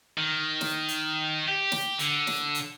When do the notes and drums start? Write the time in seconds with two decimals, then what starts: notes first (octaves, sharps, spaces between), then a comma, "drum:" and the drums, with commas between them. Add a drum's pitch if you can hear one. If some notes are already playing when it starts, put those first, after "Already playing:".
0.18 D#3
0.61 drum: snare
0.89 drum: hi-hat
1.48 G4
1.72 drum: snare
1.99 D3, drum: hi-hat
2.27 drum: snare
2.55 drum: hi-hat